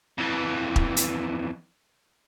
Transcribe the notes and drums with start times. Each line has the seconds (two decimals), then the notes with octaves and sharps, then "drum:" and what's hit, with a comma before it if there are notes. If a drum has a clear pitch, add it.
0.18 F2 E3
0.76 drum: kick
0.97 drum: hi-hat